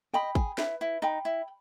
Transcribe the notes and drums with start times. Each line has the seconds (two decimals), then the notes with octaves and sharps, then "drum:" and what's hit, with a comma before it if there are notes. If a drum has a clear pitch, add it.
0.13 D#5 G5 B5
0.35 G#4, drum: kick
0.58 E4 B4, drum: snare
0.81 E4
1.02 D#4 G5 B5
1.25 E4